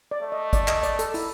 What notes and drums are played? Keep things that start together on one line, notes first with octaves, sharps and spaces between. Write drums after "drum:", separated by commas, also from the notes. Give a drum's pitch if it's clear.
D5
A3
D#5
D5, drum: kick, hi-hat
D#5, drum: clap
D5, drum: hi-hat
A4, drum: hi-hat
E4, drum: open hi-hat